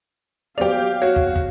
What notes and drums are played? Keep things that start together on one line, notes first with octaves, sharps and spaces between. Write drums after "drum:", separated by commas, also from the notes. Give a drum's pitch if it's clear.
F#3 B3 G4 G#4 C5 D5 F5 F7
F#4 C#5
drum: kick
drum: kick